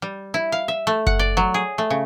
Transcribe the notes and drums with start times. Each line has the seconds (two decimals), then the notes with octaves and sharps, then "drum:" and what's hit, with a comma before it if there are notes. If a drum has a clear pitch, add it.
0.02 G3
0.34 E4
0.52 F5
0.68 E5
0.87 A3
1.07 F#5, drum: kick F#1
1.19 D5
1.37 F#3
1.54 G#4
1.78 A3
1.90 C#3